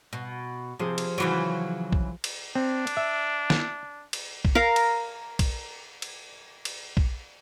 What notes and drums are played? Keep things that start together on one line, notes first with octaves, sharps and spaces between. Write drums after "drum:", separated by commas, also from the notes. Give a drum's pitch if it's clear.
B2
C3 F3 G#4
drum: cymbal
C#3 E3 F#3
drum: kick
drum: cymbal
C4 D4
drum: cymbal
E5
drum: snare
drum: cymbal
drum: kick
A#4 F5
drum: cymbal
drum: kick, cymbal
drum: cymbal
drum: cymbal
drum: kick